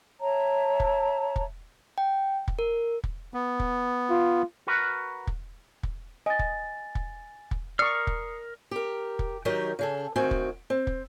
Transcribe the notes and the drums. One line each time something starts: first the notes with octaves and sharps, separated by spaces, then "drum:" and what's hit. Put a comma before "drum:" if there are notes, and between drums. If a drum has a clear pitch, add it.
C#5 E5 A5 A#5
drum: kick
drum: kick
G5
drum: kick
A#4
drum: kick
B3
drum: kick
F4
F#4 A#4 B4
drum: kick
drum: kick
D#5 G#5 A6
drum: kick
drum: kick
drum: kick
A#4 D5 C#6 D#6 F6 C7 C#7
drum: kick
G4 A#4
drum: kick
D#3 F#3 D#4 G4 A#4
C#3 G#4 A4
D2 D#3 C4 F#4 G#5
drum: kick
C4
drum: kick